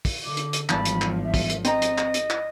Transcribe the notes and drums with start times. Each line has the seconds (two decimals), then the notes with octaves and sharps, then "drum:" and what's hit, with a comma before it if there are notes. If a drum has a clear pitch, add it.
0.05 drum: kick, open hi-hat
0.25 D3 D6
0.37 drum: hi-hat
0.53 drum: hi-hat
0.69 G#1 E2 G2 F3 A5 B5, drum: clap
0.85 drum: hi-hat
1.02 drum: clap
1.24 E5
1.34 drum: kick, open hi-hat
1.50 drum: hi-hat
1.65 C4 D#5 A#5, drum: hi-hat
1.82 drum: hi-hat
1.98 drum: clap
2.14 drum: hi-hat
2.30 drum: clap